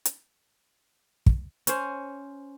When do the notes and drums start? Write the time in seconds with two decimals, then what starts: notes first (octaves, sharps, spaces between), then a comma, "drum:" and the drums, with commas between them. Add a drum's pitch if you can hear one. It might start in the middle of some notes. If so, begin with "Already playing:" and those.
0.05 drum: hi-hat
1.26 drum: kick
1.67 C#4 C5, drum: hi-hat